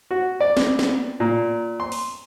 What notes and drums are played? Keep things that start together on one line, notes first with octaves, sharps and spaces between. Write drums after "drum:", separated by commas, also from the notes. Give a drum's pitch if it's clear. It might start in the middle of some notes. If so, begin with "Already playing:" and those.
F#4
D5
drum: snare
drum: snare
A#2
C6
drum: open hi-hat